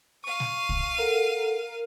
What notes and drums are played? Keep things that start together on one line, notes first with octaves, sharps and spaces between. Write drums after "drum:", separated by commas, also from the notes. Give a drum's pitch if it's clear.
F5 C#6 D#7
drum: snare
drum: kick
A4 A#4 F#5